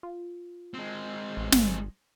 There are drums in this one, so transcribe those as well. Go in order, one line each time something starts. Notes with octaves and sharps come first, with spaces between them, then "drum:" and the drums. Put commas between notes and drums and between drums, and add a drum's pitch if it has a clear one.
F4
G#3 C4
A1
G1, drum: snare